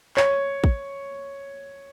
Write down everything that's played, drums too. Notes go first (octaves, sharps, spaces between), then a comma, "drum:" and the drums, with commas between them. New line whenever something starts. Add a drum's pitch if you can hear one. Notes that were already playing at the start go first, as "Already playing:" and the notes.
C#5, drum: clap
drum: kick